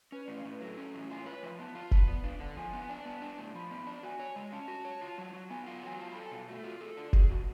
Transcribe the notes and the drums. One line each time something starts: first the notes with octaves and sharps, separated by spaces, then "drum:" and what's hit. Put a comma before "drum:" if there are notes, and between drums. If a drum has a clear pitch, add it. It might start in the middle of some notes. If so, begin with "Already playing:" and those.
C#4 B4
A2 D5
F5
A2 B4
F#3 A4
C#4
A2
F4 G#5
C#5
B4
C#5
F3 B5
B3 A5
F4
B4, drum: kick F1
B3 D5
D4 F5
D3 F#5
F3 G#5
B3
D4
B3 A5
D4
A2
F3 B5
B3
D4
F#4 G#5
C#5
G#3
C#4 A5
F#4
C#5
F4
F#3
F#3
B3 G#5
F#5
F4
F#5
F#3 G#5
F4 A5
B5
A4
G#5
B2 F5
A3 F#4
F4 F#4
G#4 A4
D4 F4
F#4 G#4, drum: kick F1
B2 F#4